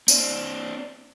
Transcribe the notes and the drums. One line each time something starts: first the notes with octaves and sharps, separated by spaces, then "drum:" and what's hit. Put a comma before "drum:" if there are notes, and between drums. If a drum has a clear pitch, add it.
C4 D4, drum: tambourine